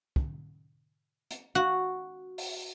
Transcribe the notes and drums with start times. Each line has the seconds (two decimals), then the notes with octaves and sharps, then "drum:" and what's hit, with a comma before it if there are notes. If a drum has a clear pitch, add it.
0.16 drum: kick
1.31 drum: hi-hat
1.55 F#4
2.38 drum: open hi-hat